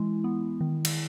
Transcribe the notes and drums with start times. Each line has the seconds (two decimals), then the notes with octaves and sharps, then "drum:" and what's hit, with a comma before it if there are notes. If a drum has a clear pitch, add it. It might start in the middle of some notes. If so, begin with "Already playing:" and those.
Already playing: E3 G#3 E4
0.24 B3
0.60 D#3
0.85 drum: cymbal